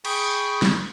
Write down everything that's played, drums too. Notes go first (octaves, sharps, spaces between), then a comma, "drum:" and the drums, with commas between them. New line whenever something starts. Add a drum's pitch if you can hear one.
G#4 G5 B5 C#6, drum: cymbal
drum: snare